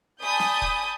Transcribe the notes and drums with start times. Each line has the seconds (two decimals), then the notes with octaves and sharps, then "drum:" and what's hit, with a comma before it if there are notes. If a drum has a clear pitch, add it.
0.21 D5 G#5 A5 B5 D#6 G6
0.39 drum: snare
0.62 drum: kick